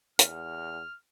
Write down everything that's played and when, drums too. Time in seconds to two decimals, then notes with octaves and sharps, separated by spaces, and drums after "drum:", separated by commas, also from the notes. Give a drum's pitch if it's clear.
0.19 E2 F6, drum: hi-hat